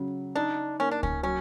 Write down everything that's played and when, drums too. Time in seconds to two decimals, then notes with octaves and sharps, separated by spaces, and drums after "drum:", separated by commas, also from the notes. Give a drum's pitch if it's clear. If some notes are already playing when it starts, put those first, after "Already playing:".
Already playing: C#3 F#3
0.35 D4 D#4
0.80 A#3 C#4
0.91 D4
1.03 C#4, drum: kick C#2
1.23 F#3 C#4